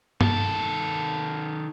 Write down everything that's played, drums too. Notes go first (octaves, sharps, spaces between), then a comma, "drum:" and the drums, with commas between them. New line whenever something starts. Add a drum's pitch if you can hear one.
D#3 A4, drum: tom